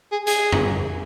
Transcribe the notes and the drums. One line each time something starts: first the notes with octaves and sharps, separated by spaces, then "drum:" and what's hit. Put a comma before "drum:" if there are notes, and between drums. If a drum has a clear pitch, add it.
G#4
G#4, drum: hi-hat
drum: tom F2